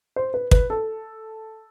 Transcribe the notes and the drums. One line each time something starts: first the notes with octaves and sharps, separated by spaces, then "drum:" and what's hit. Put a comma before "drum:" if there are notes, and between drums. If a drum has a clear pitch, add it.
C5
B4
B4, drum: kick
A4